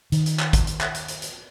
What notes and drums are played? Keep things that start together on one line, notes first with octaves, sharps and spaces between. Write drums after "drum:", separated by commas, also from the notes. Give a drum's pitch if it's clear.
D#3, drum: hi-hat
drum: hi-hat
drum: clap
drum: kick G#1, hi-hat
drum: hi-hat
drum: clap
drum: hi-hat
drum: hi-hat
drum: hi-hat